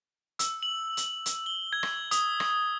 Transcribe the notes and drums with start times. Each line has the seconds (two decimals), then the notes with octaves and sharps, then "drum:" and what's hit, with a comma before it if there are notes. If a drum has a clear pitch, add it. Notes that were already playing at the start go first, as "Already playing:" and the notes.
0.39 E6, drum: hi-hat
0.63 F#7
0.97 drum: hi-hat
1.26 drum: hi-hat
1.46 G7
1.73 G#6
1.83 drum: rim click
2.11 D#6, drum: hi-hat
2.40 drum: rim click